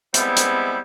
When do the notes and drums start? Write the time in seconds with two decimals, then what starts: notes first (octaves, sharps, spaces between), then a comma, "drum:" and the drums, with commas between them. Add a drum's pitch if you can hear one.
0.14 G3 G#3 B3 C4 E4, drum: hi-hat
0.37 drum: hi-hat